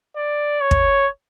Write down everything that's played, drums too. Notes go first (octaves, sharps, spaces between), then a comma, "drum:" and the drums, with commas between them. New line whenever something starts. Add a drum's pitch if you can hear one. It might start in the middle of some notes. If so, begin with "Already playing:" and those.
D5
C#5
drum: kick